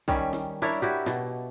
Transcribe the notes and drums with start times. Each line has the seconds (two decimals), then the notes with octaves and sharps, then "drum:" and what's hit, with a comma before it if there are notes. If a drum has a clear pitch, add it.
0.08 D#3 G3 C#4, drum: kick B1
0.33 drum: snare
0.62 D4 E4 A#4 C#5
0.82 E4 F#4 G4
1.06 B2, drum: snare